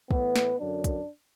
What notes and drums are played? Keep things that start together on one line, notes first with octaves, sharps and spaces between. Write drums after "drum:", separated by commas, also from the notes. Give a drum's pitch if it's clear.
A2 E3 B3, drum: kick
drum: snare
F#2 D3 F#3 D4
drum: kick, hi-hat